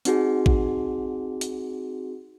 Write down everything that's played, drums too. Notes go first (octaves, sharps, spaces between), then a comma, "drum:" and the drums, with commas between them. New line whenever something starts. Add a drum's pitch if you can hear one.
C4 D#4 F#4 G#4, drum: hi-hat
drum: kick A1
drum: hi-hat